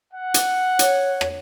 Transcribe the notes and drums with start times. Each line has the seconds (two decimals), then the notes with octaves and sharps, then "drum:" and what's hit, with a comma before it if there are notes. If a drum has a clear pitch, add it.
0.12 F#5
0.34 drum: hi-hat
0.79 C#5, drum: hi-hat
1.21 drum: rim click